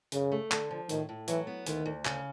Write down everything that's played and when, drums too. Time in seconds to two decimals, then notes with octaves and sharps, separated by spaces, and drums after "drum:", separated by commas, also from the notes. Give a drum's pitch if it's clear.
0.12 F#2 C#3, drum: hi-hat
0.32 A3
0.52 D3, drum: clap
0.71 F3
0.89 A2 D#3, drum: hi-hat
1.09 A2
1.28 E3 F#3, drum: hi-hat
1.47 B3
1.66 D2 D#3, drum: hi-hat
1.86 D2
2.05 C#3, drum: clap